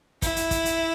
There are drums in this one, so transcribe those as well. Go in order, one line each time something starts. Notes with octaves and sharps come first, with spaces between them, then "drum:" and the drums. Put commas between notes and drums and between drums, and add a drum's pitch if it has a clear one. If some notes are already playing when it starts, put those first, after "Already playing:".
E4, drum: kick, hi-hat
drum: hi-hat
drum: kick, hi-hat
drum: hi-hat